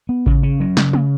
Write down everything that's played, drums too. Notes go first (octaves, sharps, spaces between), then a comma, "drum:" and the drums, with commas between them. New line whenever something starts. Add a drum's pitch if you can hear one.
B3
C#3, drum: kick A1
C#4
F#3
C#3, drum: snare
C#3, drum: tom